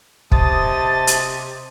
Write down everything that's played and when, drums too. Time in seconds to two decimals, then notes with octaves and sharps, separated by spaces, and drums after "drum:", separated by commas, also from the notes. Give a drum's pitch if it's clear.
0.32 C3 D#5 A5 D#6 A6, drum: kick
1.07 drum: hi-hat